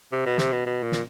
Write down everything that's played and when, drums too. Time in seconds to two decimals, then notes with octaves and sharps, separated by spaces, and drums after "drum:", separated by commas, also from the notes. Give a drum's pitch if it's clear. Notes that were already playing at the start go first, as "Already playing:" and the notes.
0.12 C3
0.26 B2
0.38 C3, drum: snare
0.52 B2
0.66 B2
0.83 A#2
0.92 drum: snare